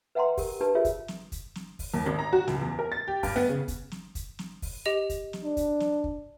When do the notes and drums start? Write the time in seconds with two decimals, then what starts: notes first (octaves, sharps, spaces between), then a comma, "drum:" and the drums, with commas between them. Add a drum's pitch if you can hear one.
0.15 B4 E5 F#5 G5 A#5 C6
0.37 G4 A#4, drum: kick, open hi-hat
0.60 D4 G4 B4 A5
0.75 F4 G#4 A#4 C#5 E5
0.85 drum: kick, hi-hat
1.08 drum: snare
1.32 drum: kick, hi-hat
1.55 drum: snare
1.79 drum: kick, open hi-hat
1.94 D#2
2.06 G#1
2.19 A#5
2.33 F#4
2.48 C#2, drum: snare
2.61 E2
2.79 A#4
2.92 A6
3.08 G4
3.23 G2, drum: kick, open hi-hat
3.36 B3
3.49 C#3
3.68 drum: kick, hi-hat
3.91 drum: snare
4.15 drum: kick, hi-hat
4.39 drum: snare
4.62 drum: kick, open hi-hat
4.85 G4 D#5 F7
5.10 drum: kick, hi-hat
5.33 drum: snare
5.44 D4
5.57 drum: kick, hi-hat
5.80 drum: snare
6.04 drum: kick